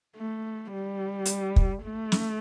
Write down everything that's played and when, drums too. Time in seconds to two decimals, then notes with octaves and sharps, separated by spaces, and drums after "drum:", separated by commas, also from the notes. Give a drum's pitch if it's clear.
0.17 A3
0.73 G3
1.25 drum: hi-hat
1.56 drum: kick
1.84 A3
2.12 drum: snare